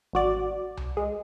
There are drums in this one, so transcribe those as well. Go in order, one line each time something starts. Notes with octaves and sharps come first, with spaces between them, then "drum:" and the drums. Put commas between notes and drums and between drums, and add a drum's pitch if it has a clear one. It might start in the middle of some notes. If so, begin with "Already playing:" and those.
G#1 F#4 D5
drum: tom C2
G#3